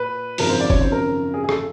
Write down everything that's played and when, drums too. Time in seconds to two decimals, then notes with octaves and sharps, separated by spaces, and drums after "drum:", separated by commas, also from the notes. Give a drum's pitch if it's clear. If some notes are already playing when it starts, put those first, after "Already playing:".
Already playing: A#2 B4
0.38 G#1 F#2 C#3 F3 A#4, drum: open hi-hat
0.49 C5
0.60 D5
0.70 C#5, drum: kick F#1
0.81 C5
0.92 A#4
1.34 G#4
1.44 G#4
1.49 A4, drum: rim click